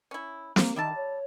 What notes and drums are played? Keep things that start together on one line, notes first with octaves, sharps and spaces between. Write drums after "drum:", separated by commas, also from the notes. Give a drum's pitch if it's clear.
C#4 E4
A#3, drum: snare
D#3 G3 E5 A5
C#5